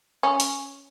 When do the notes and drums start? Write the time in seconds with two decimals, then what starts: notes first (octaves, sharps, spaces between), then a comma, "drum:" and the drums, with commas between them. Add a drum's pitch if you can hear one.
0.23 C#4
0.40 drum: hi-hat